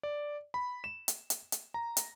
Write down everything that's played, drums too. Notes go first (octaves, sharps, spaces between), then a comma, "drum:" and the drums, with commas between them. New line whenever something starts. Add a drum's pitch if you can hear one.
D5
B5
E7
drum: hi-hat
drum: hi-hat
drum: hi-hat
A#5
drum: hi-hat